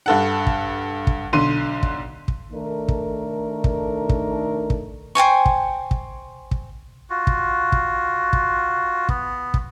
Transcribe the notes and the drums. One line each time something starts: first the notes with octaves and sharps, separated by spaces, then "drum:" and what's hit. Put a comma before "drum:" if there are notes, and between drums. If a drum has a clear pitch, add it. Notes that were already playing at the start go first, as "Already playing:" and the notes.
G2 A4 F#5
drum: kick
drum: kick
B1 D3 C6 D#7
drum: kick
drum: kick
D#3 A3 D4 D#4 A4 A#4
drum: kick
drum: kick
drum: kick
drum: kick
C5 G5 G#5 C#6
drum: kick
drum: kick
drum: kick
F4 F#4
drum: kick
drum: kick
drum: kick
B3, drum: kick
drum: kick